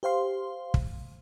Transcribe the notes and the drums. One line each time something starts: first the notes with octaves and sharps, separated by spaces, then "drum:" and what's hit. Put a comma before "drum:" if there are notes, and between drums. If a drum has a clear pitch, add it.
G4 C5 F5 C6
drum: kick